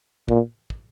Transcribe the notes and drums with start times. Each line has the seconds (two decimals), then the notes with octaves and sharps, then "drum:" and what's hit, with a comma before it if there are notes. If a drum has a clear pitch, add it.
0.28 A#2, drum: kick
0.70 drum: kick